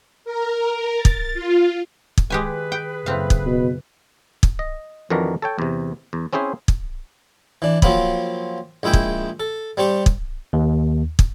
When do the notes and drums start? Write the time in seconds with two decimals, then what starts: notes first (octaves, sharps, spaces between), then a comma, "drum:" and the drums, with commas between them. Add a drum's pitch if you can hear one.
0.25 A#4
0.95 A6
1.05 drum: kick
1.34 F4
2.18 drum: kick
2.30 D#3 G#3 G4 G#4 B4 G#5
2.72 G5
3.06 F#1 A2 C#3 C4 F5
3.30 drum: kick
3.46 B2
4.43 drum: kick
4.59 D#5
5.10 F2 D#3 E3 D4 F#4 A#4
5.42 A4 C#5 G5
5.59 E2 C3
6.13 E2
6.33 C4 C#4 E4 G#4 C5 E5
6.68 drum: kick
7.62 E3 D4
7.82 F3 F#3 A#3 C4 B5, drum: kick
8.83 A#1 G#3 E4 E5 G5
8.93 drum: kick
9.40 A4
9.77 G3 C4 G4 C#6
10.06 drum: kick
10.53 D#2
11.19 drum: kick